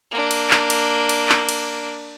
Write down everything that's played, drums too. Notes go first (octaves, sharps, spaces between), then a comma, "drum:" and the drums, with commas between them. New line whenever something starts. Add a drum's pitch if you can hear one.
A#3 D4
drum: cymbal
drum: clap
drum: cymbal
drum: cymbal
drum: clap
drum: cymbal